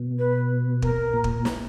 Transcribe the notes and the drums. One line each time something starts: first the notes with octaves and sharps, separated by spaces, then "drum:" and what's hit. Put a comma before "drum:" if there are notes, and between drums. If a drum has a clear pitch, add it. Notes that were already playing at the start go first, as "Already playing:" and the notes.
Already playing: B2
B4
A#4, drum: kick
A#2
drum: kick
drum: snare